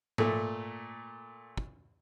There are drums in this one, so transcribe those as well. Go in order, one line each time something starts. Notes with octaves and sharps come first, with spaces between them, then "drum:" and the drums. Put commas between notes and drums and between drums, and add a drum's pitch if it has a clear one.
A#2 A3, drum: tom G#2
drum: kick